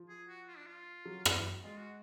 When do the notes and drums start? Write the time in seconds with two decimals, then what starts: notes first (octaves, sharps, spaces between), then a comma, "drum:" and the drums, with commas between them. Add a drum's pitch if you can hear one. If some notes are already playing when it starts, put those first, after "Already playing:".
Already playing: F3
0.09 G#4
0.28 F#4
0.48 F4
0.57 D4
0.67 F4
1.05 F#3
1.25 drum: rim click
1.64 G#3 F4
1.78 F#4